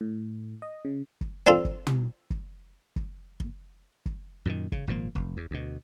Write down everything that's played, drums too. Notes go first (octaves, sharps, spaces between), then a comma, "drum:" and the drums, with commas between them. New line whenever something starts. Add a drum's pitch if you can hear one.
A2
D#5
C#3
drum: kick
C4 D4 F4 A4
drum: kick
drum: tom
drum: kick
drum: kick
drum: kick
drum: kick
F#2 A#2 D3 D#3
C#3, drum: kick
G#1 A#2 F3 A#3
F1, drum: kick
E2
D2 B2